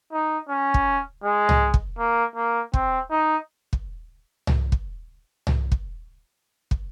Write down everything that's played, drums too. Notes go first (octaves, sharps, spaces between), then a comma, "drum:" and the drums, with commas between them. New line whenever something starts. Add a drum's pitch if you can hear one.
D#4
C#4
drum: kick
G#3
drum: tom C2
drum: kick
A#3
A#3
C4, drum: kick
D#4
drum: kick
drum: tom C2
drum: kick
drum: tom C2
drum: kick
drum: kick